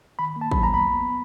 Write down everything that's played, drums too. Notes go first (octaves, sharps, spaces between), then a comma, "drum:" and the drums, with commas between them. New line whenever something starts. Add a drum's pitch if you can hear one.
D#3 B5
A#3
A5
F#3 B5, drum: kick
A#5
A#3
B5
B3
B3